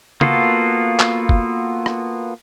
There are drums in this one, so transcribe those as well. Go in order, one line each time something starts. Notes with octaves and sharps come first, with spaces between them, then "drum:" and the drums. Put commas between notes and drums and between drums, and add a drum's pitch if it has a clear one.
A#3 B3 F4 F#4 A4, drum: tom
drum: clap
drum: kick
drum: rim click